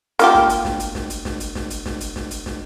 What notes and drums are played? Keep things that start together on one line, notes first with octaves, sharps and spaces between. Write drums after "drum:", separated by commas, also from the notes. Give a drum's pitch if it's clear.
A#3 F4 G4, drum: hi-hat
drum: snare
drum: hi-hat
drum: snare
drum: hi-hat
drum: snare
drum: hi-hat
drum: snare
drum: hi-hat
drum: snare
drum: hi-hat
drum: snare
drum: hi-hat
drum: snare
drum: hi-hat
drum: snare